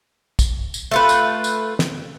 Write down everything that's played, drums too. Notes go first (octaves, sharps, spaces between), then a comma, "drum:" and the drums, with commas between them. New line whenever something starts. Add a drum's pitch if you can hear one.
drum: kick, tambourine
drum: tambourine
A3 F4 B4
drum: tambourine
drum: tambourine
drum: snare